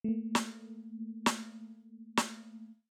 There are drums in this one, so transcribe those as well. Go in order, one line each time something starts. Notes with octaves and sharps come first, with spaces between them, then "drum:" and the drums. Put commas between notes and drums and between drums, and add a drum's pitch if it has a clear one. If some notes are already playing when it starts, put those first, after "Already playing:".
A3 A#3
drum: snare
drum: snare
drum: snare